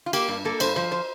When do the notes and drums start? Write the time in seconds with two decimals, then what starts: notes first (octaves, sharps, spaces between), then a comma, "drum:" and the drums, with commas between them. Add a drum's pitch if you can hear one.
0.06 F4
0.13 A#3 G4, drum: cymbal
0.28 G2
0.45 A#3 A4
0.60 G2 C5, drum: cymbal
0.76 F3 C5
0.92 C5